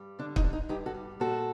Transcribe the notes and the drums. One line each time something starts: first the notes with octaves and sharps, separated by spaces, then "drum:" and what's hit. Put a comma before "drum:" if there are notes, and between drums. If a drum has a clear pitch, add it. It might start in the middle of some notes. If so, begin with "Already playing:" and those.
Already playing: G2 G3
D3 D4
D#4, drum: kick
D4
D#4
G2 D#4 G4
F#4 A4
G3
A#2 F#4 A4